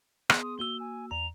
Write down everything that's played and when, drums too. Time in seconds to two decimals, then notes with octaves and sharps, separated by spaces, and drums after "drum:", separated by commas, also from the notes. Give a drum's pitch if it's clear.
0.30 B3 G#4 C6, drum: rim click
0.42 D#6
0.59 A#3 F#4 E6 G7
0.80 G#5
1.11 E2 A#5 F7